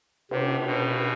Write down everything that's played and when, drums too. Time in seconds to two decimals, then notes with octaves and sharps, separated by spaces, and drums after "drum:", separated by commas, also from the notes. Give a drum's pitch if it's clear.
0.31 C3, drum: cymbal
0.66 B2